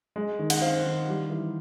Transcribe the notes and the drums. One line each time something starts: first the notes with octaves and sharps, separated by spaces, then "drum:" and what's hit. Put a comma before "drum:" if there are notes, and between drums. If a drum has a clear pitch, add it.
G#3
D#3
F#5, drum: cymbal
C4 F5
D#3
G3
E3